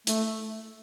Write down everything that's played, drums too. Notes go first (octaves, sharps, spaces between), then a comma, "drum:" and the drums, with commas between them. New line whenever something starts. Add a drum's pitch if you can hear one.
A3, drum: hi-hat